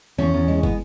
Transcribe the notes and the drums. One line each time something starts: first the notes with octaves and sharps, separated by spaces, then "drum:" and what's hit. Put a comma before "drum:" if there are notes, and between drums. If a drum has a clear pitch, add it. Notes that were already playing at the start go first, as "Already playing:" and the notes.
E2 C#4
E2
G#3
B3, drum: kick